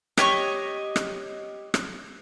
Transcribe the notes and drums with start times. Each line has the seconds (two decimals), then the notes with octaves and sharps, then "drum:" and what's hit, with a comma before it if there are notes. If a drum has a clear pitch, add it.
0.18 G4 C#5 D#5 C#6, drum: rim click
0.96 drum: rim click
1.74 drum: rim click